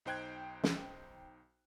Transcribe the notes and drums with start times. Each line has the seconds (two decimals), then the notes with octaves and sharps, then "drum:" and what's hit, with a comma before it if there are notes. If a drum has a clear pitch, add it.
0.05 B1 D#4 C5 G5 F#6 G#6
0.63 drum: snare